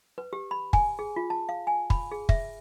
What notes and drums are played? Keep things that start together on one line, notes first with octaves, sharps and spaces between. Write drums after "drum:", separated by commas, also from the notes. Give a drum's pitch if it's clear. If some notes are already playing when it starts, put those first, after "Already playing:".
B4
G4
B5
G#5, drum: kick
G#4
F4
A5
F5
G#5
B5, drum: kick
G#4
E5, drum: kick